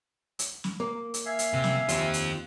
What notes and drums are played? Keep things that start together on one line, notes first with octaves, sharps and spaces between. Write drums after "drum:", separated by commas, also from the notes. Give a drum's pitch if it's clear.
drum: hi-hat
drum: snare
A#3
drum: hi-hat
E5 F5 G#5
drum: hi-hat
C3
drum: snare
D#2 C4 F4, drum: hi-hat
drum: hi-hat